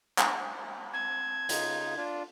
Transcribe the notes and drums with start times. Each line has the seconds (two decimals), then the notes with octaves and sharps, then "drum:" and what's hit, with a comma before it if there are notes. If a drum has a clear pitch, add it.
0.18 drum: clap
0.93 C4 A5 G#6
1.49 C#3 D#4 F4, drum: hi-hat
1.97 D4 F4